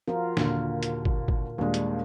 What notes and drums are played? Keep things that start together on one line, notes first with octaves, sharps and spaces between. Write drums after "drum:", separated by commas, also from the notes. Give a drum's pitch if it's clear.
F3 F4 F#4 A#4
D#2 A#2 D3 A#3, drum: snare
drum: hi-hat
drum: kick
drum: kick
D#2 A#2 G3 G#3 D4
drum: hi-hat